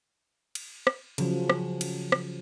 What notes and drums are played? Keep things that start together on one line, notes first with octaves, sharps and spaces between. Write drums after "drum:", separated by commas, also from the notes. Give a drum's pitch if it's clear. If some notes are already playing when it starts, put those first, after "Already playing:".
drum: cymbal
drum: rim click
C#3 F3 F#3, drum: cymbal
drum: rim click
drum: cymbal
drum: rim click